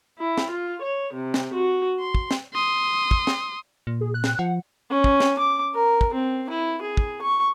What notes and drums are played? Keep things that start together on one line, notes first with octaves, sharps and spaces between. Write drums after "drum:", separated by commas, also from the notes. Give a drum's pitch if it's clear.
E4
drum: snare
F4
C#5
C3
drum: snare
F#4
C6
drum: kick
drum: snare
C6 D#6
drum: kick
drum: snare
A#2
G#4
F#6
drum: snare
F3 F#5
C#4
drum: kick
drum: snare
D6
A#4
drum: kick
C4
E4
G#4
drum: kick
C#6